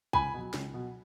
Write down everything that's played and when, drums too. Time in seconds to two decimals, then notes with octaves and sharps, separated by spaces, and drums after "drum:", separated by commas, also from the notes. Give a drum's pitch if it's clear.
0.13 C#2 G#5 B5, drum: kick
0.34 B2 F#3
0.54 C#2, drum: snare
0.74 B2 F#3